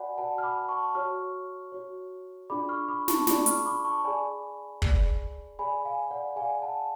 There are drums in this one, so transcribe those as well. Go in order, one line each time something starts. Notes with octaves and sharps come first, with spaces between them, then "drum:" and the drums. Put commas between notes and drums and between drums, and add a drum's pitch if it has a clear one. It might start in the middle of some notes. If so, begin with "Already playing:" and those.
Already playing: F#4 B4 D5 F#5 G#5 B5
F#4 B4 D5 F#5 A5
F6
B5 D6
A5 C#6
F#4 C#5 C#6 F6
F#4 C#5
D4 F4 G#4 D5 B5 D6
C#6 F6
B5 D6
A5 C#6, drum: snare
D4 F4 G#4 D5 B5 D6, drum: snare
C#6 F6, drum: hi-hat
B5 D6
A5 C#6
G#4 D5 G#5 B5
G#4 D5, drum: kick
G#4 D5 G#5 B5
F5 G#5
D5 F#5
G#4 D5 F5 G#5
F#5 A5